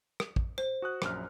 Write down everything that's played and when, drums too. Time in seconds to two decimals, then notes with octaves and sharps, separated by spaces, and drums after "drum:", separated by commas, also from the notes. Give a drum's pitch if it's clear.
0.20 drum: rim click
0.36 drum: kick
0.58 C5
0.82 F#4 D#6 F#6
1.02 A#1 F#2 F6, drum: rim click